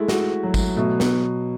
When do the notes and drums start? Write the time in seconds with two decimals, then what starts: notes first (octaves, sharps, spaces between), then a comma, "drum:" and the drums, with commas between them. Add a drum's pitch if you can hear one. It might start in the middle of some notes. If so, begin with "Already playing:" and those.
Already playing: G#3 A3 E4
0.08 F#4, drum: snare
0.43 F#3
0.54 drum: kick, tambourine
0.76 B2 A3
1.00 B3, drum: snare